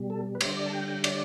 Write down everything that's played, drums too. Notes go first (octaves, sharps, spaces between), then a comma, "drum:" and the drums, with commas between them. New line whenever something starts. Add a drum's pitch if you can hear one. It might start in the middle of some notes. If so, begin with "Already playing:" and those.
Already playing: B2 G3
A4
B4
D3 G3 C5, drum: cymbal
D5
A5
G5
G5
D5, drum: cymbal